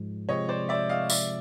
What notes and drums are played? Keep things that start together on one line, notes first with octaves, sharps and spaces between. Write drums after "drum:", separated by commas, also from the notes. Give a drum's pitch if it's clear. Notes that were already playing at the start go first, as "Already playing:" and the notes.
Already playing: G#2 F3 G#3
C3 F3 G#3 C4 C#5 D#5
C5 D5
D5 E5
D#5 F5
D5 E5, drum: tambourine